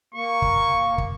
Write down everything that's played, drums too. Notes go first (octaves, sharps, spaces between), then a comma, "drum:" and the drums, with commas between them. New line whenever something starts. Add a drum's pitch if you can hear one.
A#3 C#6
drum: kick
drum: kick